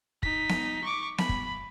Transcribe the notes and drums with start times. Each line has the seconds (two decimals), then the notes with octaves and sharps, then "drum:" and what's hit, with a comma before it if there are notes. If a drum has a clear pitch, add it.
0.23 D#4 B6, drum: kick
0.49 drum: snare B3
0.84 C#6 D6
1.18 B5, drum: snare B3
1.29 drum: kick